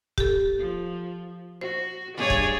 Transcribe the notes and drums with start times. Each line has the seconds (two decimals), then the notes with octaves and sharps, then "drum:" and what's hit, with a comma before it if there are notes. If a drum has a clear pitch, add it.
0.18 G4 A4, drum: kick
0.58 F3
1.61 F#4 C5
2.17 G2 G#4 C#5 D5
2.30 drum: kick